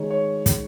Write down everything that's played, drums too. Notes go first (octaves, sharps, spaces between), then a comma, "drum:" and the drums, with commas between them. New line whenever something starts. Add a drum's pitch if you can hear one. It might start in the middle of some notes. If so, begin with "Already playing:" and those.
Already playing: D#3 G#3 D#4 C#5
C#5
drum: kick, hi-hat